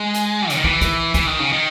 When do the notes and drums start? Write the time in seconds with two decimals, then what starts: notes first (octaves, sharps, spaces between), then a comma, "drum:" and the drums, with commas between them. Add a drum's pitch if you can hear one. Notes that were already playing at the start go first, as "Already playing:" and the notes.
Already playing: G#3
0.14 drum: hi-hat
0.50 C#3, drum: hi-hat
0.57 D#3
0.64 E3, drum: kick
0.81 drum: kick, hi-hat
1.14 E3, drum: kick, hi-hat
1.27 D#3
1.39 C#3
1.52 D#3